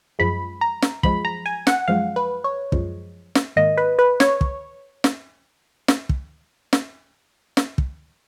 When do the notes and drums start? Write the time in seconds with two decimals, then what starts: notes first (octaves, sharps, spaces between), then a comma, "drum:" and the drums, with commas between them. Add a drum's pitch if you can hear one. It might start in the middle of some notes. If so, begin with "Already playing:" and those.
0.19 F#2 F3 G#3 B5
0.61 A#5
0.82 drum: snare
1.03 F#2 F3 G#3 B5, drum: kick
1.25 A#5
1.46 G#5
1.67 F#5, drum: snare
1.88 F#2 F3 G#3 F5
2.16 B4
2.44 C#5
2.72 F#2 F3 G#3, drum: kick
3.35 drum: snare
3.56 G#2 D#3 A#3 D#5
3.77 B4
3.99 B4
4.20 C#5, drum: snare
4.41 drum: kick
5.04 drum: snare
5.88 drum: snare
6.09 drum: kick
6.73 drum: snare
7.57 drum: snare
7.78 drum: kick